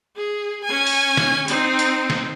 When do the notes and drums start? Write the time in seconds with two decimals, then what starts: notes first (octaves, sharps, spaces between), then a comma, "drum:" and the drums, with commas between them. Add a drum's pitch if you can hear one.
0.17 G#4
0.65 C#4 G#5
0.87 drum: open hi-hat
1.17 drum: snare
1.48 C4 D#4, drum: hi-hat
1.79 drum: hi-hat
2.10 drum: snare